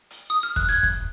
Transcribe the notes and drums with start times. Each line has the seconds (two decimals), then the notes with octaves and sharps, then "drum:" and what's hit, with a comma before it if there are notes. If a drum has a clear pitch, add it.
0.10 drum: hi-hat
0.30 D#6
0.43 F6
0.56 F#6, drum: kick
0.69 G#6, drum: hi-hat
0.83 drum: kick